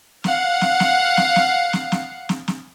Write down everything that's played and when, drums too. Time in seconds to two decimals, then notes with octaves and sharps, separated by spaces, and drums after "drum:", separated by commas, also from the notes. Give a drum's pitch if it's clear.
0.24 F5 F#5, drum: snare
0.61 drum: snare
0.80 drum: snare
1.17 drum: snare
1.36 drum: snare
1.73 drum: snare
1.92 drum: snare
2.29 drum: snare
2.48 drum: snare